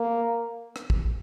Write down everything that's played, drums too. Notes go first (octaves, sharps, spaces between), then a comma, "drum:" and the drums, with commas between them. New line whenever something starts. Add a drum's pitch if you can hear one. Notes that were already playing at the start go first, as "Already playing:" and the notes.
Already playing: A#3
drum: rim click
drum: kick